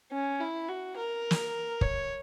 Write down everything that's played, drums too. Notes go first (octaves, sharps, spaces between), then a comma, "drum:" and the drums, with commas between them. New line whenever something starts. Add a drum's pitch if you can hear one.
C#4
E4
F#4
A#4
drum: snare
C#5, drum: kick